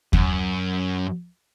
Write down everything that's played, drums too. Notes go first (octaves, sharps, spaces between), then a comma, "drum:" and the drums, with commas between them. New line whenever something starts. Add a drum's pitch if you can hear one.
F#2, drum: kick